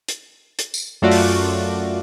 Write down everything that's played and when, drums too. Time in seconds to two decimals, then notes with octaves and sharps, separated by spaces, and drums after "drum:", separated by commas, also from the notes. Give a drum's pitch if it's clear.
0.08 drum: hi-hat
0.59 drum: hi-hat
0.74 drum: tambourine
1.02 F#2 A3 F4 F#4 D5
1.11 drum: open hi-hat